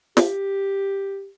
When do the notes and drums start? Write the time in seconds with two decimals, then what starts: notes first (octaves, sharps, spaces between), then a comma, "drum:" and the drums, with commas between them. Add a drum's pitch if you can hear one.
0.17 G4, drum: snare